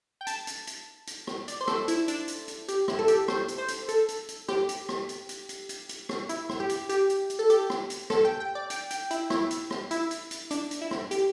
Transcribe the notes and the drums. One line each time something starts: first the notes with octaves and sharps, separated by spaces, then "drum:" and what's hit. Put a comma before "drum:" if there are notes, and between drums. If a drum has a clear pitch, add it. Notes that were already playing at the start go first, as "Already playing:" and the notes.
G5
A5, drum: hi-hat
drum: hi-hat
drum: hi-hat
drum: hi-hat
drum: rim click
D5, drum: hi-hat
C5
A4, drum: rim click
E4, drum: hi-hat
D4, drum: hi-hat
drum: hi-hat
drum: hi-hat
G4, drum: hi-hat
E4, drum: rim click
A4
G4, drum: hi-hat
C5, drum: rim click
drum: hi-hat
C5
drum: hi-hat
A4, drum: hi-hat
drum: hi-hat
drum: hi-hat
G4, drum: rim click
drum: hi-hat
drum: rim click
drum: hi-hat
drum: hi-hat
drum: hi-hat
drum: hi-hat
drum: hi-hat
drum: rim click
E4, drum: hi-hat
drum: rim click
G4
drum: hi-hat
G4, drum: hi-hat
drum: hi-hat
drum: hi-hat
A4
G4, drum: hi-hat
drum: rim click
drum: hi-hat
A4, drum: rim click
G5
G5
D5
G5, drum: hi-hat
G5, drum: hi-hat
E4, drum: hi-hat
E4, drum: rim click
drum: hi-hat
drum: rim click
E4, drum: hi-hat
drum: hi-hat
drum: hi-hat
D4, drum: hi-hat
drum: hi-hat
E4
drum: rim click
G4, drum: hi-hat